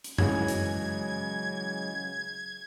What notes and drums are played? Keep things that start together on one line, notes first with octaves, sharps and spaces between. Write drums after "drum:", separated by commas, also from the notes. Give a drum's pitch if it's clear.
drum: hi-hat
C#3 E3 F#3 G#3 C#4 G#6, drum: tom F#2
drum: hi-hat